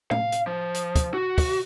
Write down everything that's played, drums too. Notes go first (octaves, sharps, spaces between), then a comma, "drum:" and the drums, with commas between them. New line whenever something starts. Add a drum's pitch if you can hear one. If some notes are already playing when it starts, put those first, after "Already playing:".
F5, drum: tom A2
drum: hi-hat
F3
drum: hi-hat
drum: kick, hi-hat
F#4
drum: kick, open hi-hat